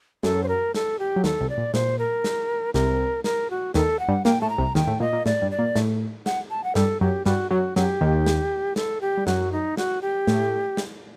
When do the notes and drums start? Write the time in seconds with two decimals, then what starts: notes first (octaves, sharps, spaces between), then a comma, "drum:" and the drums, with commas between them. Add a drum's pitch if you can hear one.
0.23 F#2 F#3 A4, drum: snare
0.44 C5
0.48 A#4
0.74 A4, drum: snare
0.99 G4
1.16 F#3
1.24 D#2 D#3 A4, drum: snare
1.40 C2 C3
1.50 D5
1.58 A#2
1.74 A#2 C5, drum: snare
1.99 A#4
2.24 drum: snare
2.74 C2 C3 A#4, drum: snare
3.24 A#4, drum: snare
3.50 F#4
3.74 D#2 D#3 A4, drum: snare
3.99 F#5
4.08 G2 G3
4.25 A#2 A#3 G5, drum: snare
4.41 A2 A3 A5
4.50 A#5
4.58 C2 C3
4.75 D#2 D#3 G5, drum: snare
4.87 A2 A3
5.00 A#2 A#3 D#5
5.13 A#2 A#3
5.26 A2 A3 D5, drum: snare
5.42 G2 G3
5.51 D5
5.59 A#2 A#3
5.76 A2 A3, drum: snare
6.26 F#5, drum: snare
6.50 A5
6.64 F#5
6.75 G2 G3 A4, drum: snare
7.00 F#2 F#3 G4
7.26 G2 G3 F#4, drum: snare
7.51 F#2 F#3 F#4
7.76 F#2 F#3 G4, drum: snare
8.01 D#2 D#3
8.26 drum: snare
8.76 A4, drum: snare
9.01 G4
9.18 G3
9.27 F#2 F#3 F#4, drum: snare
9.52 D#4
9.77 F#4, drum: snare
10.02 G4
10.27 A2 A3, drum: snare
10.77 drum: snare